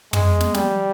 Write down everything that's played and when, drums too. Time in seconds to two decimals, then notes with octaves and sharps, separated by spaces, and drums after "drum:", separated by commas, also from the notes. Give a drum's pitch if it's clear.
0.13 G#3, drum: tom
0.40 drum: snare
0.54 G3, drum: snare